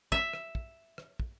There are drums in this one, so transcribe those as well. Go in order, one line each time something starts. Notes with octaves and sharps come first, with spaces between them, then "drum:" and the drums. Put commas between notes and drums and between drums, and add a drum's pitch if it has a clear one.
E5, drum: kick
drum: rim click
drum: kick
drum: rim click
drum: kick